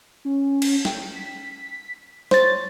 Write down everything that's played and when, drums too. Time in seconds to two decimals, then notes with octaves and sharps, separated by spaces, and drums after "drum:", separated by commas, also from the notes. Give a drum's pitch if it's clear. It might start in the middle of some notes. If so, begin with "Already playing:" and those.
0.25 C#4
0.62 drum: cymbal
0.85 G5, drum: snare
1.15 B6
2.31 C5 C#5 A6, drum: snare